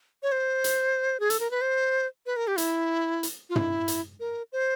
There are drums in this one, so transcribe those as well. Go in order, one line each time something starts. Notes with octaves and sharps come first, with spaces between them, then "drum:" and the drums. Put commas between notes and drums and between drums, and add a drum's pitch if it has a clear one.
C#5
C5
drum: hi-hat
G#4
A4, drum: hi-hat
A#4
B4
C5
B4
A#4
G4
E4, drum: hi-hat
drum: hi-hat
F4
E4, drum: tom
drum: hi-hat
A#4
C5